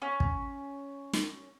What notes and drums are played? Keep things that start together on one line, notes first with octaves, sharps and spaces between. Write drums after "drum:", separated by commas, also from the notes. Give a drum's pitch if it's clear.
C#4
drum: kick
drum: snare